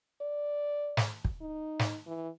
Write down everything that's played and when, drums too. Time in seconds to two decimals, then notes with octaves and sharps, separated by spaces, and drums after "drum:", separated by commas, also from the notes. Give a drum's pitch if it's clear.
0.21 D5
0.97 drum: snare
1.25 drum: kick
1.41 D#4
1.79 drum: snare
2.07 E3